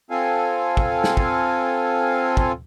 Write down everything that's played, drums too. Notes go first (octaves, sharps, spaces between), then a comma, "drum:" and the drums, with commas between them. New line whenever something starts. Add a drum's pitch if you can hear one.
C4 F4 A4 F5 G#5
drum: kick
drum: snare
drum: kick
drum: kick